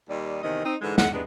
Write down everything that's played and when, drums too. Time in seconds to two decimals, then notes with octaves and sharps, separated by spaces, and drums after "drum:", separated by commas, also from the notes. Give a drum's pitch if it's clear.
0.09 D#2 G3 D#4 D5
0.43 E2 C3 D#3 D#5
0.64 C4 D#4
0.82 G#2 D3 E3 G#3
0.98 F#5, drum: snare
1.12 C3 G#3 B3 D4